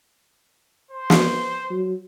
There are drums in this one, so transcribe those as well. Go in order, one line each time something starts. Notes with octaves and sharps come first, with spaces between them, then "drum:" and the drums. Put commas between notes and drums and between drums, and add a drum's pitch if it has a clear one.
C5
drum: snare
F#3